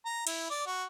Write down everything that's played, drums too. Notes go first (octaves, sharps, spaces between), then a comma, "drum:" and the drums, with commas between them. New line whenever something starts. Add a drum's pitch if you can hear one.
A#5
E4, drum: cymbal
D5
F#4